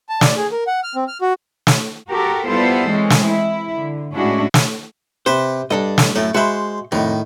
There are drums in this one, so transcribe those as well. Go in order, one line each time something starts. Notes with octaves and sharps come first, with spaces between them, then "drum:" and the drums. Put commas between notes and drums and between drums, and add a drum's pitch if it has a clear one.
A5
D5, drum: snare
G#4
A#4
F#5
F6
C4
F6
F#4
drum: snare
F#4 G4 A4 A#4
G3 B3 E4 F4 A4 C5
E3 G#3 C4 C#4
drum: snare
E4
D3
A2 G#3 C#4 D4 E4 F#4
drum: snare
C3 B4 C5
G2 D4 A4 D#5
drum: snare
F#2 A2 A3
G#3 F#4 C5 E5 B5
F2 A2 D#3